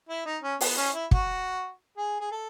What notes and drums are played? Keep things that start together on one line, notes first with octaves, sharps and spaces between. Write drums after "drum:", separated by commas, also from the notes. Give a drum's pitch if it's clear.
E4
D#4
C#4
B3, drum: open hi-hat
C#4
E4
F#4, drum: kick
G#4
G#4
A4